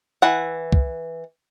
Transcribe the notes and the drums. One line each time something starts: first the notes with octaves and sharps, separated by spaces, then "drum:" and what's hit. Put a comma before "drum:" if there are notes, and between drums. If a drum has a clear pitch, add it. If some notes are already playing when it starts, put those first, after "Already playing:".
E3 F#5
drum: kick